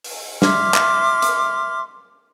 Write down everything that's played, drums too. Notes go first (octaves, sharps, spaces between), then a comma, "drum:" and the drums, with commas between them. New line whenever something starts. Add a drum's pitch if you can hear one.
drum: open hi-hat
E5 C6 D6 F6, drum: snare
drum: clap
drum: hi-hat